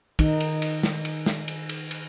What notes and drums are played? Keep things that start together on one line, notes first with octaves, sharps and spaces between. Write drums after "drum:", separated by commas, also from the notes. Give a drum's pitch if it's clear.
D#3 D#4, drum: kick, cymbal
drum: cymbal
drum: cymbal
drum: snare
drum: cymbal
drum: snare
drum: cymbal
drum: cymbal
drum: cymbal